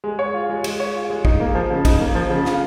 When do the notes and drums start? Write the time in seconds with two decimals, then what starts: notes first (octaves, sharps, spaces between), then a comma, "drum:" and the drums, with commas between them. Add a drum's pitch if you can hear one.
0.04 G#3
0.19 C#5
0.34 F4
0.49 G#3
0.64 G#3, drum: cymbal
0.80 C#5
0.95 F4
1.10 G#3
1.25 D#4, drum: kick
1.40 A#3
1.55 F3
1.70 C#3
1.85 D#4, drum: kick, cymbal
2.00 A#3
2.15 F3
2.30 C#3
2.45 F4, drum: snare